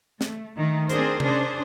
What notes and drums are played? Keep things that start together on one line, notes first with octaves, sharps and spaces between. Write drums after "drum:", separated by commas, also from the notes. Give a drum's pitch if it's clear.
A3, drum: snare
D#3 A3
C4 D4 G#4 A#4 C5, drum: hi-hat
C#4 D4 G#4 C5, drum: tom C3